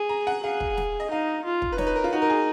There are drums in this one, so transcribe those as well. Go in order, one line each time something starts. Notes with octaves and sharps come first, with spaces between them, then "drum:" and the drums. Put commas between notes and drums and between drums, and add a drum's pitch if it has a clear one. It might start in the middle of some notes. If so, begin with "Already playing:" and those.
Already playing: G#4
A#5
F#5
G#4 F5
drum: kick
drum: snare
D#5
D#4 F5
F4
drum: kick
B4
D#4 C#5, drum: snare
B4
A#4
F4
D#4 F#4
A#4
G#4